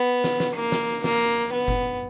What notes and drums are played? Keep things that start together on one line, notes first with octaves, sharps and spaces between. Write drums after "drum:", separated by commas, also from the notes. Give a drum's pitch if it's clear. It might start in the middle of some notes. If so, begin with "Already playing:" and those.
Already playing: B3
drum: snare
drum: snare
A#3
drum: snare
A#3, drum: snare
B3
drum: kick F#1